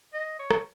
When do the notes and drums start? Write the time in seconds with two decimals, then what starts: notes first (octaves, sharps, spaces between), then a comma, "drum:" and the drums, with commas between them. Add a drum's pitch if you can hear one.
0.13 D#5
0.39 C#5
0.51 drum: rim click